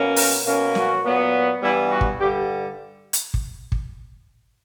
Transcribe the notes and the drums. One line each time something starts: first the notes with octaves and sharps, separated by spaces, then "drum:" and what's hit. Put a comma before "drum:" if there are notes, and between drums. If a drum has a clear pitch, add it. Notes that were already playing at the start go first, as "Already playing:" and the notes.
Already playing: B2 A#3 C#4
A#4, drum: open hi-hat
B2 A#3 C#4
F#4, drum: snare
A#2 F#3 B3
G2 E3 G3 B3 E4
F#4
drum: kick
G2 D3 G3 G4
drum: hi-hat
drum: kick
drum: kick